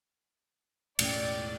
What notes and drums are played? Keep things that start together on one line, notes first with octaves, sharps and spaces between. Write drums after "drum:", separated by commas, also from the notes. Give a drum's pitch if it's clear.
E1 A2 C#4 D5 G5 A6, drum: cymbal